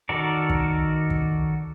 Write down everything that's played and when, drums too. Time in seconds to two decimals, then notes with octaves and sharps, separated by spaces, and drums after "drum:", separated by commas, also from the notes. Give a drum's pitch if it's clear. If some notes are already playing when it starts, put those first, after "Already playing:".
0.09 D#3 F#4 A4 A#4 D5
0.50 drum: kick
1.10 drum: kick